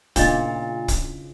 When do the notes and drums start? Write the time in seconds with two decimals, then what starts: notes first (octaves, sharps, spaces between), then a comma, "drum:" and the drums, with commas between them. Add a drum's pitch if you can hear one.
0.16 A#2 C#3 C#4 D4 F4 D#5, drum: kick, hi-hat
0.88 drum: kick, hi-hat